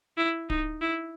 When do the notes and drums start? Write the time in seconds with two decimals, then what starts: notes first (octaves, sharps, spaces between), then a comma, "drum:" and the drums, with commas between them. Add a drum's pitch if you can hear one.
0.18 E4
0.50 D#4, drum: kick D1
0.81 E4